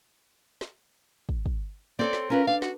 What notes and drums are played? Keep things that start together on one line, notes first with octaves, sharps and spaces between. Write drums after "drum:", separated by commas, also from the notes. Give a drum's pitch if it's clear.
drum: snare
drum: kick
drum: kick
C4 A4 C#5 D5
drum: snare
C#4 F4 A#4 B4
D4 F5
F#4, drum: snare